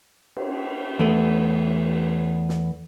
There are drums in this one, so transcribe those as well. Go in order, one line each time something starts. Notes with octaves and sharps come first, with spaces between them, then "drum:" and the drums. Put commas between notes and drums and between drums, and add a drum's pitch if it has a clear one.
drum: cymbal
E2 A3 B3
drum: snare